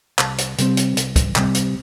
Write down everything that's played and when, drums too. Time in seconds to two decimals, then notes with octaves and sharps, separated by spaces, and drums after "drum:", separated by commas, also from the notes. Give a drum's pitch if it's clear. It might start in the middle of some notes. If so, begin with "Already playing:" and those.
0.19 C2 A5, drum: clap
0.38 drum: hi-hat
0.58 C3 G3 C4, drum: hi-hat
0.77 drum: hi-hat
0.97 C2, drum: hi-hat
1.16 drum: kick, hi-hat
1.36 C3 G3 C4, drum: clap
1.55 drum: hi-hat